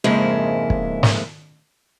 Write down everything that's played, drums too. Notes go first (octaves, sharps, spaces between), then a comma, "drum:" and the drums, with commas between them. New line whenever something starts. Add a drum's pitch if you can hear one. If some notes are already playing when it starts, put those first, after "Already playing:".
F2 G#2 C#3 G#3 A#3 E4
drum: kick
drum: snare